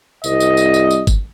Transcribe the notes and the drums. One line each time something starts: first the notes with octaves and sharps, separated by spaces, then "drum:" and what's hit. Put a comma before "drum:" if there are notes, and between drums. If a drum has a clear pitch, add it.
C2 D#5, drum: tambourine
drum: tambourine
drum: tambourine
drum: tambourine
drum: tambourine
drum: kick G1, tambourine